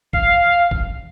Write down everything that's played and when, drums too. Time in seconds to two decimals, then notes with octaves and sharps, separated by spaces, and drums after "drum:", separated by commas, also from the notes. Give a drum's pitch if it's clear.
0.13 F5, drum: kick
0.71 drum: kick